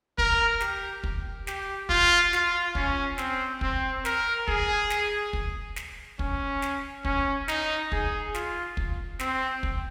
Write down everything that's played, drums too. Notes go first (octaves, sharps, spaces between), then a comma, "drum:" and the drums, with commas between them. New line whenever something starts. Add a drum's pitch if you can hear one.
A#4, drum: kick
G4, drum: snare
drum: kick
G4, drum: snare
F4, drum: kick
F4, drum: snare
C#4, drum: kick
C4, drum: snare
C4, drum: kick
A#4, drum: snare
G#4, drum: kick
drum: snare
drum: kick
drum: snare
C#4, drum: kick
drum: snare
C#4, drum: kick
D#4, drum: snare
G#4, drum: kick
F4, drum: snare
drum: kick
C4, drum: snare
drum: kick